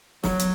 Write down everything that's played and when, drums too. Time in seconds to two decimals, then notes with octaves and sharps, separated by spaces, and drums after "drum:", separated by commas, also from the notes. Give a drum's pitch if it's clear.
0.24 F#3, drum: snare
0.39 drum: hi-hat